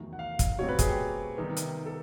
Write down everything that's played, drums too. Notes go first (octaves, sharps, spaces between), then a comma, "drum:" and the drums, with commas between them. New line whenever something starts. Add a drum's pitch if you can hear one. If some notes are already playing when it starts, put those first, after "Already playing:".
Already playing: E2 C3 D#3 F#3 A3
F#5
F5
drum: kick, hi-hat
B2 F#3 A3 C4 C#5
B4
G#4, drum: kick, hi-hat
G4
C3 D#3 G3 B3
drum: hi-hat
A4